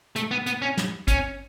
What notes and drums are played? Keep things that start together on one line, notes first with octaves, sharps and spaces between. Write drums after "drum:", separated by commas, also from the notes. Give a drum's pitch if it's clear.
A3, drum: hi-hat
B3
B3, drum: hi-hat
C#4
drum: snare
C#4, drum: kick, hi-hat